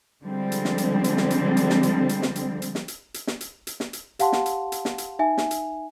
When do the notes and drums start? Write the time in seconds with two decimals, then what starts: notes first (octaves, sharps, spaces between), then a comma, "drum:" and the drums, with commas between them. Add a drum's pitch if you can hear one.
0.22 D3 F3 G3 G#3 C4
0.52 drum: hi-hat
0.65 drum: snare
0.78 drum: hi-hat
1.04 drum: hi-hat
1.17 drum: snare
1.30 drum: hi-hat
1.57 drum: hi-hat
1.70 drum: snare
1.83 drum: hi-hat
2.09 drum: hi-hat
2.22 drum: snare
2.36 drum: hi-hat
2.62 drum: hi-hat
2.75 drum: snare
2.88 drum: hi-hat
3.14 drum: hi-hat
3.27 drum: snare
3.41 drum: hi-hat
3.67 drum: hi-hat
3.80 drum: snare
3.93 drum: hi-hat
4.19 G4 F5 F#5 A5 C6, drum: hi-hat
4.32 drum: snare
4.46 drum: hi-hat
4.72 drum: hi-hat
4.85 drum: snare
4.98 drum: hi-hat
5.19 D#4 E5 G#5
5.38 drum: snare
5.51 drum: hi-hat